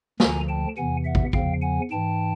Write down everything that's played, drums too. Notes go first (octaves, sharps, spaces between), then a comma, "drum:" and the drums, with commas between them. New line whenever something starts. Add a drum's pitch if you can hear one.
D2 D3 F3 G#5 A#5, drum: snare
G5 A5
E2 C3 E3 F#5 G#5
E5 F#5
drum: kick
E2 C#3 F3 F5 G5, drum: kick
F#5 G#5
G#2 E3 G5 A5